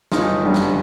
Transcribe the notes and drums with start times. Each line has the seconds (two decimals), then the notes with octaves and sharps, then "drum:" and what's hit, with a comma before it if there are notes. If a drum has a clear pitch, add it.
0.12 G1 D#4 F4, drum: snare
0.44 F#2 D3 G3
0.54 drum: snare